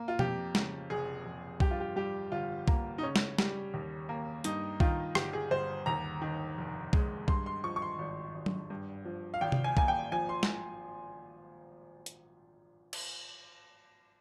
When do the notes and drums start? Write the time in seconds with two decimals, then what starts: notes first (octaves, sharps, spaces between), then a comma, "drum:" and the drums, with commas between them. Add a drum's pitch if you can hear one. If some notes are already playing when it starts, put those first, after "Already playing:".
Already playing: A#3
0.08 F4
0.19 F2 G4, drum: tom B2
0.55 C#3, drum: snare
0.90 F1 G#4
1.26 F1
1.60 G2 G4, drum: kick B1
1.71 F4
1.80 G4
1.96 G3 G4
2.32 G1 F4
2.68 A#3, drum: kick B1
2.98 D#4
3.02 C#3 C#4
3.16 drum: snare
3.38 G3, drum: snare
3.74 D#2
4.09 A#3
4.44 G2 D#4, drum: hi-hat
4.80 D#3 F4, drum: kick B1
5.15 G1 G4, drum: rim click
5.33 G#4
5.51 G1 C5
5.86 D#2 A#5
6.21 D#3
6.58 F1
6.93 G#3, drum: kick B1
7.28 G2 C6, drum: kick B1
7.46 C6
7.64 F3 C#6
7.76 C#6
7.82 C6
7.99 G#1
8.35 G#1
8.46 drum: tom F#3
8.70 G2
9.05 F3
9.34 F5
9.41 G#1 G5
9.52 drum: tom C3
9.64 G#5
9.77 A#3 G#5, drum: kick B1
9.88 G5
10.12 F3 G#5
10.29 C6
10.43 drum: snare
12.06 drum: hi-hat
12.93 drum: cymbal